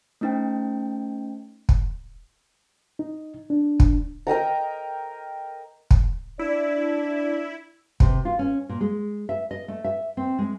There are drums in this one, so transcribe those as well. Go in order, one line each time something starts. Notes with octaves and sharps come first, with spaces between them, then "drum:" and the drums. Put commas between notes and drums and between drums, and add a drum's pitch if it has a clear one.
A3 C#4 D#4 C5 G5
drum: kick
D#4
D4
drum: kick
A#4 D#5 G5 A#5
drum: kick
D4 E4 D5
C3, drum: kick
F4
C#4
A#2
G#3
E5
D#5
A3
E5
C4
G#3